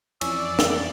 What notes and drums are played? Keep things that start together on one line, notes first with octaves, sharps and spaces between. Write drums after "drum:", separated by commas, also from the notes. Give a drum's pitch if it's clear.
F2 E3 C#4 D5 E6, drum: cymbal
drum: snare